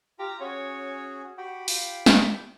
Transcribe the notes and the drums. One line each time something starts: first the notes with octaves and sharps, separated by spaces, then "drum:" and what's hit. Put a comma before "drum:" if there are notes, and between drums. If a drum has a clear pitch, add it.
F4 G4 A#5
C#4 F#4 G#4 C#5
F#4 G4 G5 B5
F4, drum: open hi-hat
drum: snare